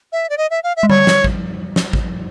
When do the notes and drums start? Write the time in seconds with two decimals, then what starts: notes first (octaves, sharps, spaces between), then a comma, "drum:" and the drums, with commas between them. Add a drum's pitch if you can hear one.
0.12 E5
0.30 D5
0.38 D#5
0.51 E5
0.64 F5
0.76 E5
0.83 G#3
0.89 G3 C#5, drum: tom D3
1.07 drum: snare
1.24 drum: kick
1.76 drum: snare
1.93 drum: kick